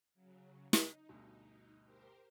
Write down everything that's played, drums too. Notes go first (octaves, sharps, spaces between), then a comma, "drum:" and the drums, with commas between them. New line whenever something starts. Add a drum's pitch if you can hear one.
C#3 F#3
D#4, drum: snare
D2 G2 B2
G4 A#4 C5